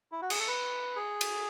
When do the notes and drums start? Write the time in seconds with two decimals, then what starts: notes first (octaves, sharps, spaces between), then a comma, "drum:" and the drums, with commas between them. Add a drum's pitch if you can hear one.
0.12 E4
0.22 F#4
0.30 G#4, drum: cymbal
0.39 A4
0.48 B4
0.96 G#4
1.21 drum: cymbal